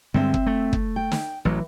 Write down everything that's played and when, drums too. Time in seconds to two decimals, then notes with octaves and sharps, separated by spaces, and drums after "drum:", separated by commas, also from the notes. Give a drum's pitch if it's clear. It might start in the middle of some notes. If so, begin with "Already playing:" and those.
0.14 G2 D3 G#3 C4 E5
0.34 drum: kick
0.47 A3
0.73 drum: kick
0.96 G5
1.12 drum: snare
1.45 A1 E3 F#3